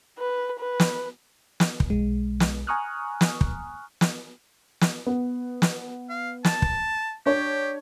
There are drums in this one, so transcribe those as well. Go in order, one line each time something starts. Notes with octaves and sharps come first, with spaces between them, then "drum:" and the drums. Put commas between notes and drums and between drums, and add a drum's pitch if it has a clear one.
B4
B4
drum: snare
drum: snare
drum: kick
B1 G#3
drum: snare
G#5 A#5 C#6 D#6 F6 F#6
drum: snare
drum: kick
drum: snare
drum: snare
B3
drum: snare
F5
A5, drum: snare
drum: kick
D4 G4 C#5